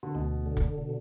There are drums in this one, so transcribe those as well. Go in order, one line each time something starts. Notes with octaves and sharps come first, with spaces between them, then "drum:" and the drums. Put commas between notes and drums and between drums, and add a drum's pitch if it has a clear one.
D3
D2 B2
D3
drum: kick
B2